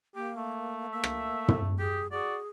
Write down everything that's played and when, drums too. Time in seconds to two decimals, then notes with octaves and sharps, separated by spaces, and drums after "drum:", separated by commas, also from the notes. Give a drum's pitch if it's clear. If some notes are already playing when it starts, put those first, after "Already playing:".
0.16 A#3 G4
0.36 A3
0.93 A#3 E5
1.04 drum: rim click
1.48 drum: tom
1.79 G4 G#4
2.12 F#4 G#4 D5